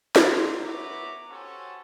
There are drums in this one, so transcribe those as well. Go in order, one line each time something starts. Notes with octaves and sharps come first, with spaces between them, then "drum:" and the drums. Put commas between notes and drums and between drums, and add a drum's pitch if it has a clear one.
A#5 C6, drum: snare
B3 B4 C#5 E5 A#5 D6
C#4 F#4 G4 A4 C5 C#5